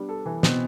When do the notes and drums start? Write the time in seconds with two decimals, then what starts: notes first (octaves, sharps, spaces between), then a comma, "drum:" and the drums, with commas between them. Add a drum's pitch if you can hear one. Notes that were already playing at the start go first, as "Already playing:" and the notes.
Already playing: G3 B3 D4
0.09 A4
0.26 E3
0.43 B2 B3 C4, drum: snare